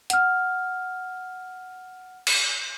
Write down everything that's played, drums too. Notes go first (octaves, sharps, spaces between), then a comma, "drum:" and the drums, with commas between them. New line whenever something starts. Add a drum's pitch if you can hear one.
F#5 F6, drum: hi-hat
drum: cymbal